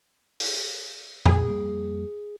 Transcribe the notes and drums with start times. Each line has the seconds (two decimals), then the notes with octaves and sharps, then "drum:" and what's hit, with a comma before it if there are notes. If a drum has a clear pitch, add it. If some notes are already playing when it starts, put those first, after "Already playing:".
0.40 drum: open hi-hat
1.26 A#2 G#4, drum: tom F2
1.48 F2 G3 A#3